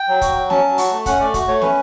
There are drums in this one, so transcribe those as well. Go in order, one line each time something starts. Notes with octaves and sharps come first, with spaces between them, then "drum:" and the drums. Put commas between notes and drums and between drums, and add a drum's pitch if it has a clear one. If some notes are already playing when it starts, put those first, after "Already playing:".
Already playing: G5
F#3
F#4, drum: kick, hi-hat
F#3
C#4 A5, drum: snare
F#3
F#4, drum: open hi-hat
A3
C#4 F#5, drum: kick, hi-hat
A3 D5
F#4, drum: kick, hi-hat
A3 C#5
C#4 B4, drum: snare